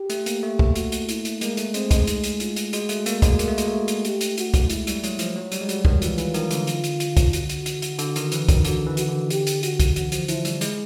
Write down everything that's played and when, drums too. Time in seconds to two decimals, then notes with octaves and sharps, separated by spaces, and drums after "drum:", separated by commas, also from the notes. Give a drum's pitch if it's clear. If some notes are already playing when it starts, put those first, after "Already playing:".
Already playing: G4
0.10 A3, drum: hi-hat
0.26 A#3, drum: hi-hat
0.43 A3
0.59 A3, drum: kick
0.76 F#4, drum: hi-hat
0.92 drum: hi-hat
1.09 E4, drum: hi-hat
1.25 drum: hi-hat
1.41 G#3 A#3, drum: hi-hat
1.57 A3, drum: hi-hat
1.74 G#3 C4, drum: hi-hat
1.91 G#3, drum: kick, hi-hat
2.07 D#4, drum: hi-hat
2.24 drum: hi-hat
2.40 F4, drum: hi-hat
2.56 drum: hi-hat
2.73 G#3 F#4, drum: hi-hat
2.89 A3, drum: hi-hat
3.06 A#3, drum: hi-hat
3.22 G#3, drum: kick, hi-hat
3.39 A#3, drum: hi-hat
3.48 A3
3.58 G#3, drum: hi-hat
3.67 A3
3.88 drum: hi-hat
4.05 G4, drum: hi-hat
4.21 drum: hi-hat
4.37 F#4, drum: hi-hat
4.54 drum: kick, hi-hat
4.70 G#3 E4, drum: hi-hat
4.87 G3, drum: hi-hat
5.04 F#3, drum: hi-hat
5.19 F3, drum: hi-hat
5.36 F#3
5.52 G3, drum: hi-hat
5.61 G#3
5.69 G3 F#4, drum: hi-hat
5.85 D#3, drum: kick
6.02 E3 F4, drum: hi-hat
6.18 E3, drum: hi-hat
6.34 D#3, drum: hi-hat
6.51 D3, drum: hi-hat
6.67 drum: hi-hat
6.84 drum: hi-hat
7.00 drum: hi-hat
7.17 drum: kick, hi-hat
7.33 F#4, drum: hi-hat
7.49 drum: hi-hat
7.66 drum: hi-hat
7.82 drum: hi-hat
7.99 D3, drum: hi-hat
8.16 D#3, drum: hi-hat
8.32 E3, drum: hi-hat
8.49 D#3, drum: kick, hi-hat
8.65 D3 F#4, drum: hi-hat
8.86 E3
8.97 F#4, drum: hi-hat
9.08 D3
9.30 G4, drum: hi-hat
9.47 drum: hi-hat
9.63 F#4, drum: hi-hat
9.80 drum: kick, hi-hat
9.96 E3 F#4, drum: hi-hat
10.12 F3, drum: hi-hat
10.28 F3 E4, drum: hi-hat
10.45 G3, drum: hi-hat
10.61 G#3, drum: hi-hat